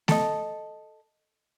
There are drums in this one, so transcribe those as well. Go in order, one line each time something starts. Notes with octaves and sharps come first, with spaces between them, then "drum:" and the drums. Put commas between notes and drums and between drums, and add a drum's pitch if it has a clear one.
A4 D#5, drum: snare A3